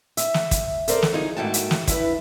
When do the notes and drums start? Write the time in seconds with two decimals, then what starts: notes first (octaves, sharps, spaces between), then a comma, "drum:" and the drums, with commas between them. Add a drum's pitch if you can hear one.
0.17 E5, drum: hi-hat
0.34 drum: snare
0.51 drum: kick, hi-hat
0.88 A4 A#4 C5 D5, drum: hi-hat
1.02 drum: snare
1.13 F3 D#4 G#4
1.37 G#2 A3 A#3 F#4 G5 A5
1.54 drum: hi-hat
1.71 drum: snare
1.87 D4 E4 B4, drum: kick, hi-hat